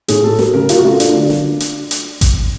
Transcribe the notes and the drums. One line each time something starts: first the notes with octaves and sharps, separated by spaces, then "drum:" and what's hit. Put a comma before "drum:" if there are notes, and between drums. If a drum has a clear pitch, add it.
A2 G#4, drum: hi-hat
G#4
A3 A4
F#3 A#4, drum: snare
C#3 A#4
C#3 F4, drum: hi-hat
F#4
A3 F4
F#3 D4, drum: hi-hat
D3
drum: snare
drum: hi-hat
drum: hi-hat
drum: kick A1, hi-hat